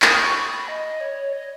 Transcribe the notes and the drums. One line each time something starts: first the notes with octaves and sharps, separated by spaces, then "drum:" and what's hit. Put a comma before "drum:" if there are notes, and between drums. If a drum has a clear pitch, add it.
D#6, drum: clap
C#6
B5
B5
D#5
C#5
D#5